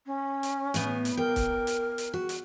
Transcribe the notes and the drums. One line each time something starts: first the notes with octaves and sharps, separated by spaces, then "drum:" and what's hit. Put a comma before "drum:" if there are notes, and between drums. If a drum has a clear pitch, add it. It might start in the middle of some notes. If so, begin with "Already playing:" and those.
C#4
drum: hi-hat
A2 B3, drum: hi-hat
drum: hi-hat
A#4 G5
drum: kick C#1, hi-hat
drum: hi-hat
drum: hi-hat
F#4
drum: hi-hat